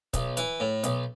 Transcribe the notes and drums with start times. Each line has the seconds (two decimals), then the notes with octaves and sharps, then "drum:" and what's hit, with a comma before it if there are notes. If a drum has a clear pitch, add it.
0.14 B1, drum: kick C#1, hi-hat
0.37 E3, drum: hi-hat
0.60 A2
0.84 B1, drum: hi-hat